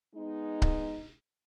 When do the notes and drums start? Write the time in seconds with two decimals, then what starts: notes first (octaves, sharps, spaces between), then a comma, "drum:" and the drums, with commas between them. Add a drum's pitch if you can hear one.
0.15 G#3 B3 D#4
0.62 drum: kick C#1